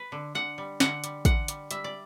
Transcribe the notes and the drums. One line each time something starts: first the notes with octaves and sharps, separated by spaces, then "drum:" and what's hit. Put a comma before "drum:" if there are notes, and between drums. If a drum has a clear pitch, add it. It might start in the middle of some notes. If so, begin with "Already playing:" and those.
Already playing: B4
D3
D3 F#5
G3
D3 F#5, drum: snare
G3, drum: hi-hat
D3 F#5, drum: kick, hi-hat
G3, drum: hi-hat
G3 E5, drum: hi-hat
D5